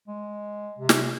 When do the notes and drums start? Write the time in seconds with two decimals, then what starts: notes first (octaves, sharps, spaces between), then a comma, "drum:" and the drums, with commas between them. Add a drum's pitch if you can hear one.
0.08 G#3
0.79 C3
0.89 drum: snare